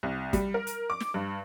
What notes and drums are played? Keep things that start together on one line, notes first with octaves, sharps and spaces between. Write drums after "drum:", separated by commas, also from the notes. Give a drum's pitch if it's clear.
C2
G3, drum: kick, hi-hat
A#4
drum: hi-hat
D6
drum: snare
G2